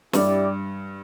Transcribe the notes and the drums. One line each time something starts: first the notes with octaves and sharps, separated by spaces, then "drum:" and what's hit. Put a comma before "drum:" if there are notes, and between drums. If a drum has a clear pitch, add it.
G2 E4 G4 D5, drum: snare